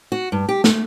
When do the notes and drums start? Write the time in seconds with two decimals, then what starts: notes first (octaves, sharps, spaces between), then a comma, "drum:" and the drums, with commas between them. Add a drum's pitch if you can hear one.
0.12 F#4
0.32 G2
0.49 G4
0.64 A3, drum: snare